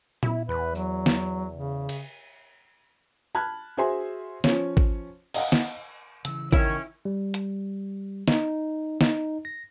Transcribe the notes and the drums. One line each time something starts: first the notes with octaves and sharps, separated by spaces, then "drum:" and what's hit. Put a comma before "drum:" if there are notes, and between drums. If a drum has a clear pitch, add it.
E4, drum: tom A#2
E2 B4
F#3, drum: tambourine
drum: snare
C#3
drum: cymbal
A5 B5 F6 F#6 G#6
F#4 G#4 C5 E5 G#5 C6
F3 C#4 C#5, drum: snare
drum: kick
D#5 F5 F#5, drum: cymbal
drum: snare
C#3 E3 E6, drum: hi-hat
D#3 C#4 E4 C#5 E5, drum: kick
G3
drum: hi-hat
D#4, drum: snare
D#4, drum: snare
A#6